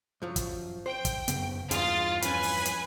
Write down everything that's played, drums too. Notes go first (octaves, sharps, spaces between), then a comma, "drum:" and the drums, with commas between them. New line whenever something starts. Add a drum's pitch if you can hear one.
F#2 F3 F#3
drum: kick, hi-hat
C5 G5
drum: kick, hi-hat
F#2 C#3 B3, drum: hi-hat
E2 G2 D#4 F4 G#4 A6, drum: hi-hat
F2 C#4 B4 G#5, drum: hi-hat
drum: open hi-hat
drum: hi-hat